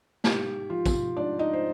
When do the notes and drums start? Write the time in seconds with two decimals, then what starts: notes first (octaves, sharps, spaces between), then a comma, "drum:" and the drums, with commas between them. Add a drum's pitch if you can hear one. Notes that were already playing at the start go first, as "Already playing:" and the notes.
0.24 G#2 G4, drum: snare
0.70 F3 F4
0.86 drum: kick, tambourine
1.16 G#2 D4 D5
1.39 D#4 D#5
1.53 C5